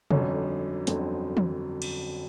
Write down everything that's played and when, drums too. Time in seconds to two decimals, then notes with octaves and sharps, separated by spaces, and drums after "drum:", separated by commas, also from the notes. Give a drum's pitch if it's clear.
0.11 G1 F2 D3 F#3 C#4, drum: tom
0.87 G1 F2 D3 F#3 C4, drum: hi-hat
1.37 drum: tom
1.82 drum: cymbal